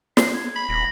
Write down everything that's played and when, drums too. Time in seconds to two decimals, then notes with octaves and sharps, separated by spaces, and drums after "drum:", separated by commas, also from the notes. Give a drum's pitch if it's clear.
0.17 C7, drum: snare
0.34 G#6
0.55 B5
0.69 D#1 A#6